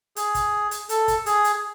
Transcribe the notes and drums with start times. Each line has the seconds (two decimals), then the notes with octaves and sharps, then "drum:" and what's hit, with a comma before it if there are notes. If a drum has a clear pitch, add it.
0.16 G#4, drum: hi-hat
0.35 drum: kick, hi-hat
0.71 drum: hi-hat
0.89 A4, drum: hi-hat
1.08 drum: kick, hi-hat
1.26 G#4, drum: hi-hat
1.44 drum: hi-hat